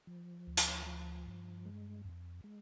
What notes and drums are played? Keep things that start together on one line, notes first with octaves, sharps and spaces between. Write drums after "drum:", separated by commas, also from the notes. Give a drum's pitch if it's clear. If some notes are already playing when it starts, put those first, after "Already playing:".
F3
D2
drum: hi-hat
F3
G2
G#3
F2
G#3